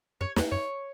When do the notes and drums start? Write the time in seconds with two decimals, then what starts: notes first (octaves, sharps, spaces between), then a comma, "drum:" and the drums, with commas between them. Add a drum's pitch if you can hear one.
0.21 F#2 C#5
0.36 E2, drum: snare
0.51 F#2 C#5